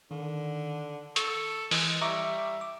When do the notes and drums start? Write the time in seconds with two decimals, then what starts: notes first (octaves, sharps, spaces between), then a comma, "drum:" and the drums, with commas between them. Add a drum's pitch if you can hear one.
0.11 D3 D#3
1.16 A4 C#6, drum: hi-hat
1.71 E3 G#3, drum: open hi-hat
2.01 G3 E5 A#5 C#6 D6
2.61 D6